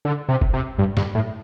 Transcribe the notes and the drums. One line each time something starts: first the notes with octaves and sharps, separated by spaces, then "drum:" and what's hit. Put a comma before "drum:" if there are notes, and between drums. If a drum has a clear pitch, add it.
D3
C3
drum: kick F1
C3
G2
G2, drum: snare
A2